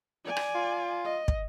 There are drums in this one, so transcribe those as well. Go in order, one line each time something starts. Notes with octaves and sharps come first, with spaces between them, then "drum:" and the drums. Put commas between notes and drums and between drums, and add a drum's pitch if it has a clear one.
D5 G#5
drum: rim click
F4
D#5
drum: kick